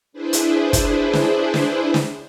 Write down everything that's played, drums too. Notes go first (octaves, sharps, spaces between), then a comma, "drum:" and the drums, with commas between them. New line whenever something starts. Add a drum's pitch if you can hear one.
D4 E4 G#4 B4 C5
drum: hi-hat
drum: kick, hi-hat
drum: snare
drum: snare
drum: snare